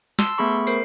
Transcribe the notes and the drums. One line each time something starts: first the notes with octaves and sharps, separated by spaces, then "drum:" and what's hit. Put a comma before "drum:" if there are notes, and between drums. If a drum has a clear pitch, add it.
A5 C6 E6, drum: snare
A3 B3 G#4 B5 C#6
A#4 C5 C7, drum: tambourine